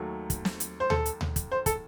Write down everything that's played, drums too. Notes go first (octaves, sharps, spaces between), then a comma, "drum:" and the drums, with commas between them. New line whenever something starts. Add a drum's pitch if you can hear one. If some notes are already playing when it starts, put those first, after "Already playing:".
Already playing: D#2 D#3 F#3 A3
drum: kick, hi-hat
drum: snare
drum: hi-hat
C5
A4, drum: tom D2
drum: hi-hat
drum: tom D2
drum: kick, hi-hat
C5
A4, drum: kick, hi-hat